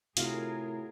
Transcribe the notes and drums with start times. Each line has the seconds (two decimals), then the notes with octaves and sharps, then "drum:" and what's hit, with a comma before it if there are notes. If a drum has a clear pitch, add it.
0.17 A2 C3 F4 F#4 G#4 A#4, drum: hi-hat